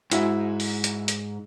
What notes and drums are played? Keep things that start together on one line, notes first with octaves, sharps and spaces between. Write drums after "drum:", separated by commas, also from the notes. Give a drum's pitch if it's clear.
G#2 E4 F#4 E5, drum: hi-hat
drum: open hi-hat
drum: hi-hat
drum: hi-hat